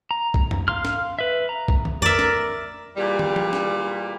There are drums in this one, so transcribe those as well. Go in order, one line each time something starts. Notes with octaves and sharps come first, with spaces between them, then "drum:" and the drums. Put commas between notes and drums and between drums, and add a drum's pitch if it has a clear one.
A#5
drum: kick B1
drum: tom
F5 C6 F6, drum: tom
drum: snare
B4 E5
A#5
drum: kick B1
drum: tom
A#4 D5 E5, drum: tom
drum: snare
E2 A#2 G3
drum: tom
drum: tom F3
drum: snare